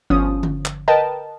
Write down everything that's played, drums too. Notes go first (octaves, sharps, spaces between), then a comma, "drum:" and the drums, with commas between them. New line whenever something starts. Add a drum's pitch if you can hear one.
G1 F3 C#4 D#6
drum: tom D3
drum: clap
A#4 B4 D#5 G5 A5